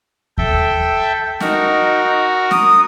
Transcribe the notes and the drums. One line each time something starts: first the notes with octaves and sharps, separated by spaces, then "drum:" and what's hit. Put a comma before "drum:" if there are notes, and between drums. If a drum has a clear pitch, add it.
A4 E5 G5, drum: kick D#2
D#4 F#4 A#4, drum: snare
D#6, drum: snare